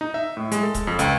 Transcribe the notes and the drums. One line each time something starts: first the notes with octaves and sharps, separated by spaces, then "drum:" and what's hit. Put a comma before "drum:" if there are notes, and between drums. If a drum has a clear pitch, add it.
D#4
E5
A2
G#3, drum: hi-hat
A4
drum: kick C#1, hi-hat
F2
C#2, drum: hi-hat